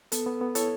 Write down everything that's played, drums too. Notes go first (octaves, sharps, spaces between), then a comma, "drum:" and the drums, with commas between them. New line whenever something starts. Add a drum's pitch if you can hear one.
B3 A4, drum: hi-hat
B3
B3
E4 A4 C#5, drum: hi-hat